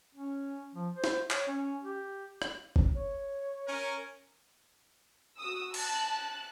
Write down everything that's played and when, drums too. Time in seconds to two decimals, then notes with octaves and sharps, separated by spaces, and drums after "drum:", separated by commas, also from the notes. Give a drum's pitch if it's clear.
0.15 C#4
0.75 F3
0.94 C5
1.04 drum: snare
1.31 C#5, drum: clap
1.47 C#4
1.83 G4
2.42 drum: rim click
2.76 drum: kick
2.95 C#5
3.67 C#4 A#4
5.38 F#4 D#6 E6
5.74 A5 F#6, drum: cymbal